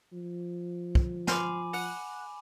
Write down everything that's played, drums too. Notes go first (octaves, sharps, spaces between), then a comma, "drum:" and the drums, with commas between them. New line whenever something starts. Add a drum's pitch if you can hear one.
F3
drum: kick
G#5 B5 C6 D6 F6, drum: snare
F#5, drum: open hi-hat